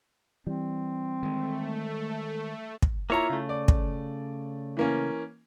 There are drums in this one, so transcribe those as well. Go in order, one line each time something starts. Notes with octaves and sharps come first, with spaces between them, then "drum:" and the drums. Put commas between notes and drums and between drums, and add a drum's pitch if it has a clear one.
E3 G3 C4
D#3 G#3 A3
drum: kick
A#3 E4 F4 C#5 A#5
C#3 A3
D5
drum: kick
E3 A#3 C#4